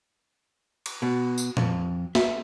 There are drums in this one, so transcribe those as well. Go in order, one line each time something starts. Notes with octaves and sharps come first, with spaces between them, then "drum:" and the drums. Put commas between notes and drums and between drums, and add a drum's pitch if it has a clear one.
drum: cymbal
B2
drum: tambourine
F2, drum: tom A#2
E5, drum: snare